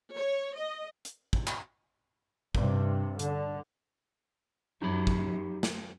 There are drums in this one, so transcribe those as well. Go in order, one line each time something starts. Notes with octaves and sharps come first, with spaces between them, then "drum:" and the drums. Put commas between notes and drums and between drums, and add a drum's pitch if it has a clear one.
C#5
D#5
drum: hi-hat
drum: kick
drum: clap
G2 C3, drum: kick
D3, drum: hi-hat
F#2 D#4 G4 B5
drum: kick
drum: snare